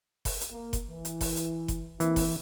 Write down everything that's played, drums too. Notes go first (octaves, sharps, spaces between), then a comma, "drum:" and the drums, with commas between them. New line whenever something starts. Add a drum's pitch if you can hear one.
drum: kick F#1, open hi-hat
drum: hi-hat
A#3
drum: kick F#1, hi-hat
E3
drum: hi-hat
drum: kick F#1, open hi-hat
drum: hi-hat
drum: kick F#1, hi-hat
E3 A#3 C4 E4, drum: hi-hat
drum: kick F#1, open hi-hat